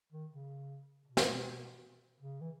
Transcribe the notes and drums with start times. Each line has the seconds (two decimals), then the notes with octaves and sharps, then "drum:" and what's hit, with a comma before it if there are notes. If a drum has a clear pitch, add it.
0.12 D#3
0.31 C#3
1.07 B2
1.17 drum: snare
2.20 C#3
2.41 E3